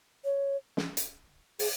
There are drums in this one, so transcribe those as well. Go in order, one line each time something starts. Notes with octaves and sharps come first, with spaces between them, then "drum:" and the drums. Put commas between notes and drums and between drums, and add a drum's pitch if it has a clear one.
C#5
drum: snare
drum: hi-hat
G#4, drum: open hi-hat